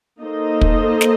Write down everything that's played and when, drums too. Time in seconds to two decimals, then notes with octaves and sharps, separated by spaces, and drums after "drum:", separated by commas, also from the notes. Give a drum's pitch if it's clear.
0.22 A#3 D#4 A4 C5 D#5
0.61 drum: kick
1.01 drum: snare